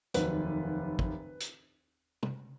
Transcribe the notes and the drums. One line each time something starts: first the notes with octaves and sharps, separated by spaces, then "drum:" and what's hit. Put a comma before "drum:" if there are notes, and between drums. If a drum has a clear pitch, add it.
F1 D#2 D#3 F#3 B4, drum: hi-hat
drum: kick
drum: hi-hat
drum: tom